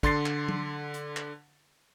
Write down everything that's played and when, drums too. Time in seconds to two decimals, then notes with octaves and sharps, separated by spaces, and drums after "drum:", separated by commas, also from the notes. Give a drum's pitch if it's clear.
0.03 D3 C6 A6 C7, drum: kick, hi-hat
0.26 drum: clap
0.49 drum: tom F#3
0.94 drum: hi-hat
1.16 drum: clap